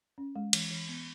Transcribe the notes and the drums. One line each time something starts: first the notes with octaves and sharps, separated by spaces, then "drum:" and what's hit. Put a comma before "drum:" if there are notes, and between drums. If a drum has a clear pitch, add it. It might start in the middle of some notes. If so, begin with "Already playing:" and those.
C#4
G#3
E3, drum: cymbal
E3
B3